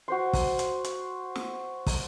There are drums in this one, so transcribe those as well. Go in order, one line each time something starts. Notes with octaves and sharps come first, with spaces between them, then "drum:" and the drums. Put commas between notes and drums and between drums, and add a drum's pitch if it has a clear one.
F#4 C5 C6
drum: kick, open hi-hat
drum: hi-hat
drum: hi-hat
drum: snare
drum: kick, open hi-hat